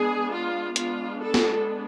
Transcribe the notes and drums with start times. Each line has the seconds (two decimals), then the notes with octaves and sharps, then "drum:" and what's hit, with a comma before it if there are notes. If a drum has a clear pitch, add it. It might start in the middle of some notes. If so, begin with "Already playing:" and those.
Already playing: G#3 B3 D4 G#4
0.33 F4
0.76 G#3 B3 D4 F4, drum: hi-hat
1.20 A4
1.34 drum: snare